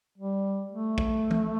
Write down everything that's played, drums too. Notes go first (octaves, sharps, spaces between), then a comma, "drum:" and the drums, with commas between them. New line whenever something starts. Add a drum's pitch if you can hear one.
G3
A3
drum: kick
drum: tom